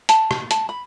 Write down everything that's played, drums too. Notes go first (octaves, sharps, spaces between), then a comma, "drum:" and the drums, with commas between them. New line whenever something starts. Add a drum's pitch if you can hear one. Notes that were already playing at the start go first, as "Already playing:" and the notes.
A5, drum: hi-hat
drum: rim click
A5, drum: hi-hat
B5